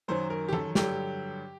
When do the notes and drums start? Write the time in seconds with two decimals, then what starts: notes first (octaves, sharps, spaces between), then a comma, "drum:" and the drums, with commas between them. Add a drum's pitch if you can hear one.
0.08 F#2 D#3 F#3 C5
0.30 A#4
0.48 G4
0.53 A4, drum: tom E3
0.75 G2 D3 F#3 G4, drum: snare